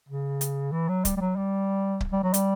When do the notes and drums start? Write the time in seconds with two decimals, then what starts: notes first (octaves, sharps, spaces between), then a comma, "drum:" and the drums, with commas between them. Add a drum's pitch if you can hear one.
0.09 C#3
0.41 drum: hi-hat
0.72 E3
0.89 F#3
1.05 G3, drum: kick C#1, hi-hat
1.17 G3
1.21 F#3
1.36 G3
2.00 drum: kick C#1
2.12 G3
2.23 F#3
2.34 G3, drum: hi-hat